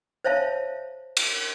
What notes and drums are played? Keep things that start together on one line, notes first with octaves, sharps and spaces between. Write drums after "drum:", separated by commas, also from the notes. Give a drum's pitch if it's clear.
C5 C#5 E5 F5 A5
drum: cymbal